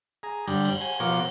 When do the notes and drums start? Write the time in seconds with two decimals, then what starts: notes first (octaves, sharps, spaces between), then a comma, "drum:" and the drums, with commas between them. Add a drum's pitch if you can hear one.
0.23 G#4 A#5
0.47 G2 D3 G3, drum: cymbal
0.65 drum: cymbal
0.81 G#5, drum: cymbal
1.00 B2 F3 A#4 C#5 D6, drum: cymbal